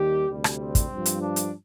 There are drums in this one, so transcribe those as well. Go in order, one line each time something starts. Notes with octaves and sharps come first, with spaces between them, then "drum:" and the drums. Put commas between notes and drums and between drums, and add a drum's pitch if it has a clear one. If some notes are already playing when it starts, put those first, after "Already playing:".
Already playing: D#2 D#3 G3 G4
D2 C3 G3
drum: rim click
C4
drum: kick, hi-hat
G2 F3
drum: hi-hat
D4
drum: hi-hat